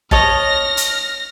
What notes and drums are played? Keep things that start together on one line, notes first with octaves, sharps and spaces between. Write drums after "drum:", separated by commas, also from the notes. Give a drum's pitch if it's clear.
C#5 D#5 A5 F6 A#6, drum: kick
drum: hi-hat